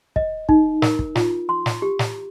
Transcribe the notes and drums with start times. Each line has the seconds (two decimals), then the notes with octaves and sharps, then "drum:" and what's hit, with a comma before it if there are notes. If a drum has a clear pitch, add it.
0.16 D#5, drum: kick
0.49 D#4, drum: kick
0.82 A#4, drum: snare
0.99 drum: kick
1.15 F4, drum: snare
1.49 C6
1.66 drum: snare
1.82 G4
1.99 drum: snare